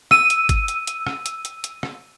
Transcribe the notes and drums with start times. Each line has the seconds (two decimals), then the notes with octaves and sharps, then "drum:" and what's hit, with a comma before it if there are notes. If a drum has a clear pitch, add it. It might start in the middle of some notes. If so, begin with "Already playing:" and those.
0.11 E6 D#7, drum: rim click
0.30 drum: hi-hat
0.49 drum: kick, hi-hat
0.68 drum: hi-hat
0.87 drum: hi-hat
1.07 drum: rim click
1.26 drum: hi-hat
1.45 drum: hi-hat
1.64 drum: hi-hat
1.83 drum: rim click